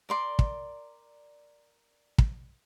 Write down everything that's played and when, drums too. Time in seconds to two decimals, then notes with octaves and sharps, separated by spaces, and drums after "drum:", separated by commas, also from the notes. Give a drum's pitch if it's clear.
0.09 A#4 D5 C6
0.39 drum: kick
2.18 drum: kick